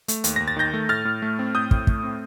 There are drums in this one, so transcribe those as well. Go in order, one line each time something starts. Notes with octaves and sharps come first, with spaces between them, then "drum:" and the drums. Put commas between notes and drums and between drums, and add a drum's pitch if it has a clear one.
A3, drum: hi-hat
D#2, drum: hi-hat
D#2 A#6
A6
D#3 G6 A#6
A3
A2 F6 A6
A2
A3
C4
A2 D#6 G6
A2, drum: kick
A3, drum: kick
C4